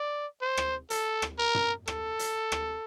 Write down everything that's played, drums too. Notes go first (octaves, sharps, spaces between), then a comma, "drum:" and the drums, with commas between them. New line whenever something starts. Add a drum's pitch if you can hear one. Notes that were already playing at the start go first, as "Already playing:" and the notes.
Already playing: D5
C5
drum: rim click
A4, drum: hi-hat
drum: rim click
A#4
drum: tom
A4, drum: rim click
drum: hi-hat
drum: rim click